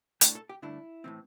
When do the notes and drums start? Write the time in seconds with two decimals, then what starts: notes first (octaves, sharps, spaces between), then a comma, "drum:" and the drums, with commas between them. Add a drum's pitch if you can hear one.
0.21 A2 A3 D4 G4, drum: hi-hat
0.35 A4
0.49 G4
0.62 G2 D3 A3 D4 E4
1.04 A2 E3 C4